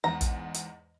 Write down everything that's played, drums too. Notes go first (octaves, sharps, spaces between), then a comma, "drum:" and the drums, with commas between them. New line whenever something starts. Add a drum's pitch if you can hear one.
E2 G#2 A#5
drum: kick, hi-hat
drum: hi-hat